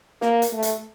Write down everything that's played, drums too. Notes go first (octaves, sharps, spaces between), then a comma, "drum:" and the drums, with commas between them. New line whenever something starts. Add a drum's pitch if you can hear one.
A#3, drum: snare
drum: hi-hat
A3
drum: hi-hat